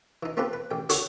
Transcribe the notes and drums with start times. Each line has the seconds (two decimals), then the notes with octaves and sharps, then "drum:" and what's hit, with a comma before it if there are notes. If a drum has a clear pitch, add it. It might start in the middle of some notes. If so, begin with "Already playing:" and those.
0.23 E3 D#4
0.37 A#3 C4 F4 G4 A4 B4
0.53 B4
0.71 A1 G5
0.89 D3 D4 F#4 G4 C#5, drum: hi-hat